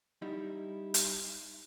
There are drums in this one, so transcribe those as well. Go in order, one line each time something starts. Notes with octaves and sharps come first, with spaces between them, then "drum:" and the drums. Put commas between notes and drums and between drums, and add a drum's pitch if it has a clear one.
G3 D#4 E4
drum: hi-hat